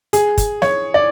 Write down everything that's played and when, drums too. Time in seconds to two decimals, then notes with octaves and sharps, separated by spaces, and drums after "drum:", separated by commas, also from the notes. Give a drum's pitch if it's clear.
0.13 G#4, drum: hi-hat
0.38 drum: kick, hi-hat
0.62 C#5, drum: snare
0.94 D5